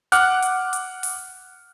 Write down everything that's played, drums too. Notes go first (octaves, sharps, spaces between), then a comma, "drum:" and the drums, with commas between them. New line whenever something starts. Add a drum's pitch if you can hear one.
F#5 D6 F6 F#6, drum: hi-hat
drum: hi-hat
drum: hi-hat
drum: open hi-hat